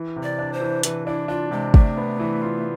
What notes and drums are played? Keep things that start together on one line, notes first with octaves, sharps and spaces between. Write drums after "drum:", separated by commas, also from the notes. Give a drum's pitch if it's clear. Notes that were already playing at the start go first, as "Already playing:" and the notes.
Already playing: E3
C3
D5
D4
C5
E3
E3 B4, drum: hi-hat
D4 E4
D4 F4
C3 G#3
A3 D4, drum: kick
B3
E3
F4